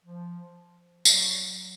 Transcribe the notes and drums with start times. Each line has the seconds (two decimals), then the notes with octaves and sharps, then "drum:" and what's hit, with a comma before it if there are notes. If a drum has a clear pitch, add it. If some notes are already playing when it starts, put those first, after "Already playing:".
0.05 F3
1.05 G3, drum: tambourine
1.12 F#3